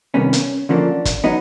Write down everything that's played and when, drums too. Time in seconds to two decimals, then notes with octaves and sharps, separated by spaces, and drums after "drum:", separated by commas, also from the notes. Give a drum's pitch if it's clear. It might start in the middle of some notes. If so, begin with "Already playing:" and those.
0.14 C2 C3 D#3 G3 B3 C#4
0.33 drum: hi-hat
0.69 D2 D3 F3 A#3 C#4 D4
1.05 drum: kick, hi-hat
1.24 F#3 B3 D#4